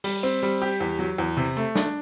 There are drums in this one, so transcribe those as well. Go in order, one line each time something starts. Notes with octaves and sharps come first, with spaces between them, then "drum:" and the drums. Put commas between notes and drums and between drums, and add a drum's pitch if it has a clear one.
G3, drum: open hi-hat
C4
G3
G4
E2
F#3
E2
C3
A3
D4, drum: snare